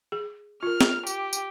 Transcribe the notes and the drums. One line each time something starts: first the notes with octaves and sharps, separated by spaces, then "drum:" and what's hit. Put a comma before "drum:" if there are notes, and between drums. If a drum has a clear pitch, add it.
G#4
F4 A#4 F6
drum: snare
G4, drum: tambourine
drum: tambourine